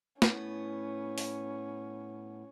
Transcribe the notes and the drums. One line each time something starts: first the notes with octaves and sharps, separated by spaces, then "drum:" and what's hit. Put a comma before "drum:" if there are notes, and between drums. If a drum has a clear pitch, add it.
A2 B3 C#4, drum: snare
drum: open hi-hat